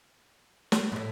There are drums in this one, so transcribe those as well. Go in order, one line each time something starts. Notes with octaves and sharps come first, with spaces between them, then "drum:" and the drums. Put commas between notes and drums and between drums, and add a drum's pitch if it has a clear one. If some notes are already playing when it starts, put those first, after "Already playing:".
drum: snare
A#2
A2